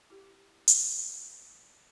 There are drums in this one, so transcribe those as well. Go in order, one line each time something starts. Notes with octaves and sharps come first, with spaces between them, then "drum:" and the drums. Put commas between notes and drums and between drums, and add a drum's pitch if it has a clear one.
E4 G4
drum: hi-hat